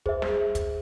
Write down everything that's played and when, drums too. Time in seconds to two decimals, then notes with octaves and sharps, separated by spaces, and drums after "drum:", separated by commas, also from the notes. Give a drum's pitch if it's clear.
0.06 G#4 C5 E5, drum: kick
0.22 drum: snare
0.55 drum: kick, hi-hat